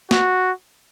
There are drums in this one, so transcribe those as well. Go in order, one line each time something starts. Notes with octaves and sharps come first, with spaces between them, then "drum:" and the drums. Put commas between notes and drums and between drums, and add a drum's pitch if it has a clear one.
F#4, drum: snare